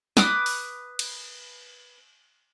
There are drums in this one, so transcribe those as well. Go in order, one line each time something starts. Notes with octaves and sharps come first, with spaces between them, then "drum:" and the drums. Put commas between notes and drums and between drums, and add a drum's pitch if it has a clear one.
B4 D6 D#6, drum: snare
drum: open hi-hat
drum: cymbal